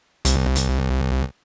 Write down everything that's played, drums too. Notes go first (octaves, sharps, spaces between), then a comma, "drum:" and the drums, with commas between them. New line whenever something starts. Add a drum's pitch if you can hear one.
C2, drum: hi-hat
drum: hi-hat